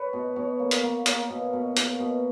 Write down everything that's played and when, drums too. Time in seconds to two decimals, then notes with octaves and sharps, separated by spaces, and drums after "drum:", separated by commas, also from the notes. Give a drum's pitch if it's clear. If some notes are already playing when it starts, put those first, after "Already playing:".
Already playing: B4 C#5
0.13 B2
0.36 B2 C#5
0.60 A#3
0.71 drum: hi-hat
0.83 A#3
1.06 A#3 C#5, drum: hi-hat
1.29 B2
1.53 B2
1.77 A#3, drum: hi-hat
1.99 B2